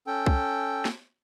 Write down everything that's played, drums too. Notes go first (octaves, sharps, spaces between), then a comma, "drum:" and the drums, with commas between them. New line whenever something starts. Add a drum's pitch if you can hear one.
C#4 A4 G5
drum: kick C2
drum: snare